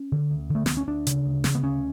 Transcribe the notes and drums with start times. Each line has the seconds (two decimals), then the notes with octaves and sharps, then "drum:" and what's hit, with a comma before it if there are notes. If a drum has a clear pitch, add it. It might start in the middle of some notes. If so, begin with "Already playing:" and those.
Already playing: C#4
0.12 D3
0.30 D2
0.50 D3
0.55 A3
0.66 D2 B3, drum: snare
0.77 C#4
0.88 D2 D4
1.07 C#3, drum: hi-hat
1.26 D2
1.44 C#3, drum: snare
1.55 B3
1.63 D2 C#4